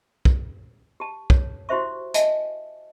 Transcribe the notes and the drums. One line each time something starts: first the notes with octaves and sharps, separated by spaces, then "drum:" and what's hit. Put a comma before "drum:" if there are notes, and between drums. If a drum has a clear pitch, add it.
drum: kick
G4 A5
C#5, drum: kick
E4 F#4 G4 C5 E5 C#6
D#5 E5 G#5 A5, drum: hi-hat